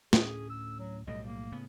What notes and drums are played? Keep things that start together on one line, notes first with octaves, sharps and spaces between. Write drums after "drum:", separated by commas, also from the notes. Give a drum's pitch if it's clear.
D2 A2 C#4 G#4, drum: snare
E6
F#3
B1 A2 G3 D#5
A#3
A2 C#3 B3